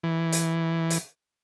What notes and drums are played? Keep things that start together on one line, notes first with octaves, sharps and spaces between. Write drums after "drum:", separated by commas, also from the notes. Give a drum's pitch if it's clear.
E3
drum: hi-hat
drum: hi-hat